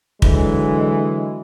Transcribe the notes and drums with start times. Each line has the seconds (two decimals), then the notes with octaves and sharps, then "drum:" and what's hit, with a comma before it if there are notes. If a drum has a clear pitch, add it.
0.22 D3 E3 F#3 G#3, drum: kick